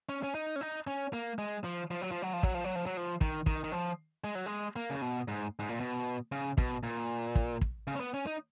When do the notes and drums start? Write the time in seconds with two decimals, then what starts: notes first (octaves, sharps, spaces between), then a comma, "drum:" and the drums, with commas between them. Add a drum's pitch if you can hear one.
0.09 C#4
0.23 C#4
0.35 D#4
0.56 C#4
0.61 D#4
0.87 C#4
1.13 A#3
1.38 G#3
1.64 F3
1.91 F3
2.01 F#3
2.11 F3
2.22 F#3
2.33 F3
2.43 F#3, drum: kick
2.55 F3
2.64 F#3
2.75 F3
2.86 F#3
2.97 F3
3.21 D#3, drum: kick
3.46 D#3, drum: kick
3.64 D#3
3.72 F3
4.24 G#3
4.35 F#3
4.46 G#3
4.76 A#3
4.90 C#3
5.02 B2
5.28 G#2
5.59 G#2
5.69 A#2
5.80 B2
6.32 C#3
6.58 B2, drum: kick
6.83 A#2
7.35 drum: kick
7.61 drum: kick
7.87 C#3
7.95 C#4
8.00 B3
8.14 C#4
8.27 D#4